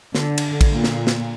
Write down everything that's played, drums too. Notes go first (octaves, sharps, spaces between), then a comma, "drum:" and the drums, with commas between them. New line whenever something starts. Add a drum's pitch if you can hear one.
D3, drum: snare
drum: cymbal
drum: kick, cymbal
A#2
drum: snare
drum: snare